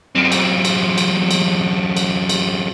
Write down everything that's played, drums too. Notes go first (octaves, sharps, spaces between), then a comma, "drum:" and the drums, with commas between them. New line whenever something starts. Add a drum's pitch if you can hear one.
F#2 C4
drum: cymbal
drum: cymbal
drum: cymbal
drum: cymbal
drum: cymbal
drum: cymbal